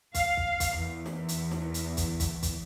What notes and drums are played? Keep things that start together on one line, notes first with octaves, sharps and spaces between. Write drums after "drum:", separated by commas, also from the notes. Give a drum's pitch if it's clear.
F5, drum: kick, hi-hat
drum: kick
drum: kick, hi-hat
E2
drum: snare
drum: hi-hat
drum: snare
drum: hi-hat
drum: kick, hi-hat
drum: kick, hi-hat
drum: kick, hi-hat